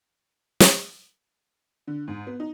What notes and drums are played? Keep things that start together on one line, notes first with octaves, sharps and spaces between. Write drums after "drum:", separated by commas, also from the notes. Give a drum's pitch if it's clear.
drum: snare
D3
G#2
B3
D#4